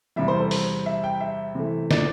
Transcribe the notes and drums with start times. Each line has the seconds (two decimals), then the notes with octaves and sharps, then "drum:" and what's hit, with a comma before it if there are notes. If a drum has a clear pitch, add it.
0.16 E2 C3 G3 E5
0.28 C5
0.39 A4
0.51 C5, drum: open hi-hat
0.86 E5
1.04 G5
1.20 E5
1.55 C3 E3 A3
1.91 D5, drum: snare